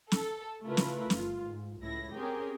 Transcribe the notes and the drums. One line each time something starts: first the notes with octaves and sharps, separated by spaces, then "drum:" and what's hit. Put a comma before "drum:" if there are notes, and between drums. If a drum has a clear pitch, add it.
A4, drum: snare
C#3 A3 E4 F4 A#4 B4
drum: snare
G1 F4, drum: snare
G#2
C#2 A2 E4 A#6
C4 C#4 G4 G#4 A#4